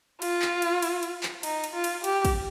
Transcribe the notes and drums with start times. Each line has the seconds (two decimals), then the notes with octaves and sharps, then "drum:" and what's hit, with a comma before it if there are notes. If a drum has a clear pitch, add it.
0.22 F4, drum: cymbal
0.42 drum: clap
0.62 drum: cymbal
0.82 drum: cymbal
1.03 drum: cymbal
1.23 drum: clap
1.43 D#4, drum: cymbal
1.64 drum: cymbal
1.74 F4
1.84 drum: cymbal
2.04 G4, drum: cymbal
2.25 drum: kick, cymbal